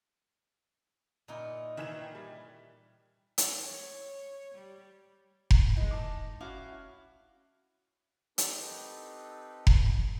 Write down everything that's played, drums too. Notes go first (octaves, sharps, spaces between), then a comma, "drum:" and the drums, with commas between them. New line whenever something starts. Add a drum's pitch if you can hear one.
A#2 D#4 E4
D#3 E3 E5 E7
G3
drum: hi-hat
C#5
G3
drum: kick F1
E3 G#3 D#4
A5 D6
C#4 E4 F#4 F5 D6
C4 D#4 G4 A4 B4, drum: hi-hat
drum: kick F1